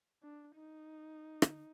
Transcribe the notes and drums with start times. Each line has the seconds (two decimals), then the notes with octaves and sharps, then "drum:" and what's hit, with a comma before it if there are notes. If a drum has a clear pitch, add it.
0.23 D4
0.55 D#4
1.42 drum: rim click